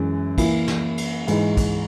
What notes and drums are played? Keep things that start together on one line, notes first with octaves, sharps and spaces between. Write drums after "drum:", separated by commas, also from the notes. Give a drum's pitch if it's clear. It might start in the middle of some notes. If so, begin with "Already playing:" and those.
Already playing: F#2 E3 G#3
E3 A#3 E4, drum: kick, cymbal
drum: snare
drum: cymbal
G#2 E3 G#3 D#4, drum: cymbal
drum: kick, cymbal